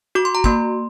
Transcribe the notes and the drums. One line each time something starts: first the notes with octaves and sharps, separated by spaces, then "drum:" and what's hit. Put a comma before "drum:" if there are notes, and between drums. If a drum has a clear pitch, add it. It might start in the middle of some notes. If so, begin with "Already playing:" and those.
F#4 D6
C6
A#5
A#3 C6, drum: kick